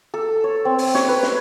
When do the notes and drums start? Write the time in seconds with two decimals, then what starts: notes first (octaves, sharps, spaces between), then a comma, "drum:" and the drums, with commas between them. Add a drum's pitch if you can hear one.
0.14 A4
0.44 C#5
0.65 C4
0.78 drum: open hi-hat
0.95 C#5, drum: snare
1.08 B4
1.23 drum: snare